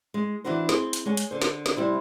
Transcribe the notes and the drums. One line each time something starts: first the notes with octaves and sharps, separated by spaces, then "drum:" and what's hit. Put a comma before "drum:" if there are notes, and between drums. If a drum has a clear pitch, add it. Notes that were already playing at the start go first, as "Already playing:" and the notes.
G#3
E3 D4 E4 F#4 C5
C4 G#4, drum: snare
drum: hi-hat
G#3 C#5 G#5
drum: hi-hat
D3 C5
drum: snare
drum: snare
C3 G3 E4 C5